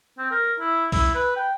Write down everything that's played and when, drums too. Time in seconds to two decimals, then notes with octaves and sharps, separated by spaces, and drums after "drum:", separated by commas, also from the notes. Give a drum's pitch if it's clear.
0.18 C4
0.31 A#4
0.60 E4
0.92 E4, drum: kick C2, open hi-hat
1.14 B4
1.36 G5